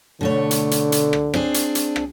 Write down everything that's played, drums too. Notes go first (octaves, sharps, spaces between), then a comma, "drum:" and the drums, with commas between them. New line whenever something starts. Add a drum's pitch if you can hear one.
B2 D3 A3 C#5
drum: hi-hat
drum: hi-hat
drum: hi-hat
drum: rim click
C4 D4 G#4, drum: rim click
drum: hi-hat
drum: hi-hat
drum: rim click